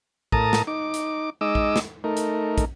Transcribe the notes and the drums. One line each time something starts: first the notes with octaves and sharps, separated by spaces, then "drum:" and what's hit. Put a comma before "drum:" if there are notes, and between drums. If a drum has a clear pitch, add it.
A2 A#4 A5 A#5 D#6, drum: kick
drum: snare
D#4 D6
drum: hi-hat
G#3 D#4 D#5 D6 E6
drum: kick
drum: snare
A3 D#4 A#4
drum: hi-hat
drum: kick, hi-hat